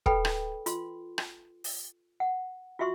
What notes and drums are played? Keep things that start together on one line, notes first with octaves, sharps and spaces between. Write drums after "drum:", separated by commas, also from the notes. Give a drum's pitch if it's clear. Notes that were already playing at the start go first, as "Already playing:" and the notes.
A4 B4 G5 B5, drum: kick
drum: rim click
F4 C6, drum: hi-hat
drum: rim click
drum: open hi-hat
F#5
F4 F#4 E5 C6 C#6